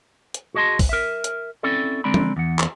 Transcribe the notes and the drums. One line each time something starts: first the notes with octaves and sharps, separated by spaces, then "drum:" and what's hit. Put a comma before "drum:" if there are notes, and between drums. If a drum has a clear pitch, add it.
drum: hi-hat
F#4 G#4 D#5 A5 C6
drum: kick, open hi-hat
A#4 E5
drum: hi-hat
C4 C#4 E4 A4 D5
D3 G#3 C4 D5 A#5 B5
drum: tom F3
E2 E3 F#5
drum: clap